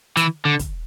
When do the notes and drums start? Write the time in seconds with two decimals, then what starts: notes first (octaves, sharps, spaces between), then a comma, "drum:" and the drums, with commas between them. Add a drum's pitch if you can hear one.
0.17 E3, drum: hi-hat
0.45 D3
0.59 drum: kick, hi-hat